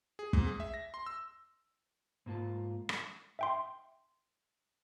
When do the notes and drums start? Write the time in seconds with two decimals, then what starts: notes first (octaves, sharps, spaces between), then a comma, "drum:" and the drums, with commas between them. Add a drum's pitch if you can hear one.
0.19 G#4
0.33 G#2, drum: kick
0.46 G#4
0.60 E5
0.74 A#6
0.94 C6
1.06 E6
2.26 G#2 A#3 F4 A5
2.89 drum: rim click
3.39 E5 G5 C6